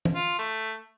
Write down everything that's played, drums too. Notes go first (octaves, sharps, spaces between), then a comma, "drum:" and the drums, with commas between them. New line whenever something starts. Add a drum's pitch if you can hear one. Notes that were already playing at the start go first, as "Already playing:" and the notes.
drum: tom E3
F4
A3